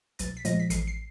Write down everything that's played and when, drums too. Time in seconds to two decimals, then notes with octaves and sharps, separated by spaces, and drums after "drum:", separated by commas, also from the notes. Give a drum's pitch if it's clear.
0.19 B1 A6, drum: hi-hat
0.37 B6
0.45 A#2 F3 G#3 A#6, drum: hi-hat
0.60 B6
0.70 A1 C7, drum: hi-hat
0.87 C7